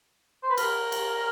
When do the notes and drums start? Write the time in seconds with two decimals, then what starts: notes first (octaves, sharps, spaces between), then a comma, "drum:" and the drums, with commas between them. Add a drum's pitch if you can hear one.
0.43 C5
0.50 B4
0.58 A#4, drum: cymbal
0.92 drum: cymbal